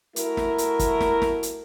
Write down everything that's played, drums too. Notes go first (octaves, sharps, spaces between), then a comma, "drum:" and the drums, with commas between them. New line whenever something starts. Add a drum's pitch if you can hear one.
A3 E4 F#4 A#4, drum: hi-hat
drum: snare
drum: hi-hat
drum: kick, hi-hat
drum: snare
drum: snare
drum: hi-hat